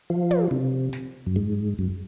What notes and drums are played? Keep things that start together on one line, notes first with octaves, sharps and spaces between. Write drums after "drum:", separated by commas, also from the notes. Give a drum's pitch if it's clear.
F3
drum: tom
C3
drum: snare
F#2
G#2
F#2